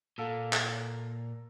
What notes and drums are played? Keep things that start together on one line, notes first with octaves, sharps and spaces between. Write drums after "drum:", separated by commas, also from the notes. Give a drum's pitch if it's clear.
A#2 A4 F5 E6
drum: clap